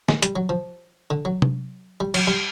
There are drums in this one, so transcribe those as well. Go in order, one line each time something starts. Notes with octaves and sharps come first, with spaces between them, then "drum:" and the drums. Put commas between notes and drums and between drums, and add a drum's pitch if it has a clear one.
G#3, drum: snare
G3, drum: hi-hat
F#3
F3
D3
F#3
drum: tom C3
G3
F#3, drum: cymbal
G3